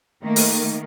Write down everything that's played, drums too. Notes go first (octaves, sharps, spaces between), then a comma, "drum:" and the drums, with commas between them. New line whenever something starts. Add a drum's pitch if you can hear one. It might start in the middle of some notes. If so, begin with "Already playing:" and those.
D#3 A3 A#3
drum: open hi-hat